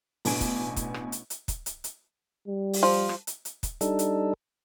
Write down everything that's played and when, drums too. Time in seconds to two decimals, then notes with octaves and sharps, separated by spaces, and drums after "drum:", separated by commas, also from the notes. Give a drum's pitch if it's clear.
0.25 A1 B2 B3 D4 G#5 D7, drum: open hi-hat
0.41 drum: kick, hi-hat
0.76 drum: kick, hi-hat
0.94 drum: rim click
1.12 drum: hi-hat
1.30 drum: hi-hat
1.48 drum: kick, hi-hat
1.66 drum: hi-hat
1.84 drum: hi-hat
2.48 G3
2.73 drum: open hi-hat
2.83 F3
3.09 drum: rim click
3.27 drum: hi-hat
3.45 drum: hi-hat
3.63 drum: kick, hi-hat
3.81 G3 D4 D#4 A4, drum: hi-hat
3.99 drum: hi-hat